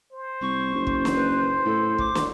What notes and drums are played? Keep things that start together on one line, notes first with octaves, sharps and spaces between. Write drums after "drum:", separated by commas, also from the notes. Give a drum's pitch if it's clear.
C5
C2 C#6
F#1
drum: kick
drum: snare
B4
A2 A4
D6, drum: kick
drum: snare